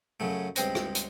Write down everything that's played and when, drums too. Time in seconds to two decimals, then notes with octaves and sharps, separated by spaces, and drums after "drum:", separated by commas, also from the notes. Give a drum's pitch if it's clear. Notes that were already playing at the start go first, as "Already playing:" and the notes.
0.20 F#2 C#3 F#3 A3
0.56 C#2 G2 C4 C5 A#5, drum: hi-hat
0.75 drum: rim click
0.95 drum: hi-hat